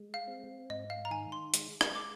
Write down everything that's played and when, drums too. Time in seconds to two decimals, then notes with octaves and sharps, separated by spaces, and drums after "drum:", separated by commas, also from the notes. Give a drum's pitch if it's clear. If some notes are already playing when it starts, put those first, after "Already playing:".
Already playing: G#3
0.14 F5
0.28 C4
0.70 G#2 D#5
0.90 F5
1.05 A#5
1.11 D#3 G#5
1.32 C6
1.54 G#3, drum: hi-hat
1.81 drum: rim click
1.94 G#3 D6